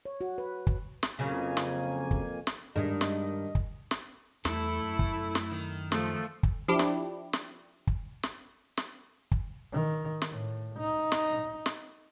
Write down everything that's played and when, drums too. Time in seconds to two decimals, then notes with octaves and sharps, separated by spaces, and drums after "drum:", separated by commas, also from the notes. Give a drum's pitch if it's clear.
0.05 C#5
0.21 F#4
0.38 B4
0.67 drum: kick
1.03 drum: snare
1.19 F2 C#3 F#3 A#3 G#5
1.57 drum: snare
2.11 drum: kick
2.47 drum: snare
2.76 G2 D#3 G#3 D#5
3.01 drum: snare
3.55 drum: kick
3.91 drum: snare
4.45 E2 G3 A3 E4 A4, drum: snare
4.82 F#2
4.99 drum: kick
5.35 drum: snare
5.52 D#3
5.92 F3 A3, drum: snare
6.43 drum: kick
6.68 F3 D4 E4 G4
6.79 drum: snare
7.33 drum: snare
7.87 drum: kick
8.23 drum: snare
8.77 drum: snare
9.31 drum: kick
9.73 D#3
10.22 drum: snare
10.31 A2
10.79 D#4
11.12 drum: snare
11.66 drum: snare